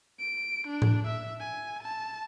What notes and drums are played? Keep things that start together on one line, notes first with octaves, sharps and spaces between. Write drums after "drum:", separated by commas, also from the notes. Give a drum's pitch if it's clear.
D7
D4
drum: tom A2
E5
G#5
A5